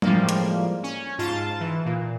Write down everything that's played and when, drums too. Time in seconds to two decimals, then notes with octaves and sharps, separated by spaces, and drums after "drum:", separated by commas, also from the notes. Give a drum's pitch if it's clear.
0.02 A2 F3 G3 G#3 A#3, drum: tom F#3
0.29 drum: hi-hat
0.83 C#4
1.18 G#2 F4 A5
1.60 E3
1.85 A#2